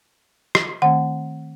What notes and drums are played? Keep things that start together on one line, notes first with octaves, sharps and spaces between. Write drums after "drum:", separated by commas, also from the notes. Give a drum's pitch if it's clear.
drum: rim click
D#3 A3 C4 F#5